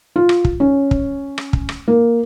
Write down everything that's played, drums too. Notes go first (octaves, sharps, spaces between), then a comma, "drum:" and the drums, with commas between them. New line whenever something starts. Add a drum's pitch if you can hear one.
F4
drum: rim click
drum: kick
C#4
drum: kick
drum: rim click
drum: kick
drum: rim click
A#3